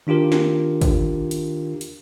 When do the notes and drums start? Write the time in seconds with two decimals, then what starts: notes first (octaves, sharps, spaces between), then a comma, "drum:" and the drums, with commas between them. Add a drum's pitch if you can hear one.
0.07 D#3 D4 F4 G4 A#4
0.32 drum: snare
0.81 drum: kick, hi-hat
1.31 drum: hi-hat
1.81 drum: hi-hat